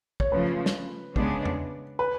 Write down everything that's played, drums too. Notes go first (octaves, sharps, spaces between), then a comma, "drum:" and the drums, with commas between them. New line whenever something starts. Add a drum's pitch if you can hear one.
C#5, drum: kick
C#3 F3 A3 B4
drum: snare
C#3 G#3 B3 D4, drum: kick
drum: tom E2
B4